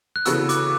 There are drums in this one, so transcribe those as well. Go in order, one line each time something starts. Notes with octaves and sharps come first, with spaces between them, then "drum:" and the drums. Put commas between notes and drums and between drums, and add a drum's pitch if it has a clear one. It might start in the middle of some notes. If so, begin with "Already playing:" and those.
F#6
C#3 E3 B3 F#4 A4 E6, drum: hi-hat
D6, drum: hi-hat